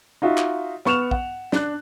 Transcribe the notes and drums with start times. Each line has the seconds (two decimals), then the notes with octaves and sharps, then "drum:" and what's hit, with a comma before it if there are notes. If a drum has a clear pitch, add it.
0.22 D#4 F4 F#4 D#5 E5
0.37 drum: clap
0.85 B3 C#6 F6 E7 F7, drum: snare
1.11 F#5, drum: kick
1.52 D4 F#6, drum: snare